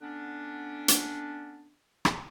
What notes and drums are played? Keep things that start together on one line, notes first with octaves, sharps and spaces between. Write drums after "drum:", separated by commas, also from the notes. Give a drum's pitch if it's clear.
D3 B3 C#4 D4
drum: hi-hat
drum: rim click